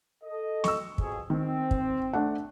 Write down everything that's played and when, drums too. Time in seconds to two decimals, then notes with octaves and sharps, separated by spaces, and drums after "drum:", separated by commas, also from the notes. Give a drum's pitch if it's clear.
0.23 A4 D#5
0.64 C#6 E6, drum: snare
0.98 F2 B2 G#4, drum: kick
1.30 D#3 C4
1.71 drum: kick
2.13 A3 D4 F#5